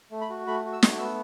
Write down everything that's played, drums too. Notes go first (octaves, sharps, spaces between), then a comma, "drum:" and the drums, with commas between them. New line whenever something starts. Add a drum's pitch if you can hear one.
A3
B5
F#4
A3 B5
F#4
E6
A3, drum: snare
B3 E6